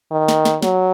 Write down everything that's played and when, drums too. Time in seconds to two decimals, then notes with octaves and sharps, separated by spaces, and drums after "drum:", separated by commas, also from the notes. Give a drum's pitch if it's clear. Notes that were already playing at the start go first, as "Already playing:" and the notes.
0.12 D#3
0.28 drum: snare
0.45 drum: snare
0.63 F#3, drum: snare